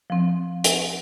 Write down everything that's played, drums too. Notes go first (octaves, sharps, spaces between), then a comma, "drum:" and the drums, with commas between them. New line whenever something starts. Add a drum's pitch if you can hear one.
F3 C4
drum: hi-hat